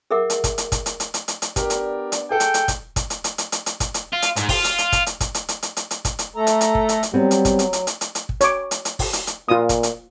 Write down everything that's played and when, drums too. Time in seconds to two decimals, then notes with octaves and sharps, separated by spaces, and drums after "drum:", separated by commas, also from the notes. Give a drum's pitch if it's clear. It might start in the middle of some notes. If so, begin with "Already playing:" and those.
0.11 G#4 A#4 E5 F#5 D6
0.30 drum: hi-hat
0.44 drum: kick, hi-hat
0.58 drum: hi-hat
0.72 drum: kick, hi-hat
0.86 drum: hi-hat
1.00 drum: hi-hat
1.14 drum: hi-hat
1.28 drum: hi-hat
1.42 drum: hi-hat
1.56 B3 D4 G4 A#4 D5, drum: kick, hi-hat
1.70 drum: hi-hat
2.12 drum: hi-hat
2.31 G#4 A4 G5
2.40 drum: hi-hat
2.54 drum: hi-hat
2.68 drum: kick, hi-hat
2.96 drum: kick, hi-hat
3.10 drum: hi-hat
3.24 drum: hi-hat
3.38 drum: hi-hat
3.52 drum: hi-hat
3.66 drum: hi-hat
3.80 drum: kick, hi-hat
3.94 drum: hi-hat
4.13 F4
4.22 drum: hi-hat
4.36 G#2, drum: hi-hat
4.49 F4, drum: kick, open hi-hat
4.64 drum: hi-hat
4.78 drum: hi-hat
4.92 drum: kick, hi-hat
5.06 drum: hi-hat
5.20 drum: kick, hi-hat
5.34 drum: hi-hat
5.49 drum: hi-hat
5.63 drum: hi-hat
5.77 drum: hi-hat
5.91 drum: hi-hat
6.05 drum: kick, hi-hat
6.19 drum: hi-hat
6.36 A3 A4 A#5
6.47 drum: hi-hat
6.61 drum: hi-hat
6.75 drum: kick
6.89 drum: hi-hat
7.03 drum: hi-hat
7.14 F#3 G3 B3 C4
7.31 drum: hi-hat
7.45 drum: kick, hi-hat
7.59 drum: hi-hat
7.73 drum: hi-hat
7.87 drum: hi-hat
8.01 drum: hi-hat
8.15 drum: hi-hat
8.29 drum: kick
8.41 C#5 D6, drum: hi-hat
8.71 drum: hi-hat
8.85 drum: hi-hat
8.99 drum: kick, open hi-hat
9.13 drum: hi-hat
9.27 drum: hi-hat
9.48 A#2 F4 D#6
9.69 drum: kick, hi-hat
9.83 drum: hi-hat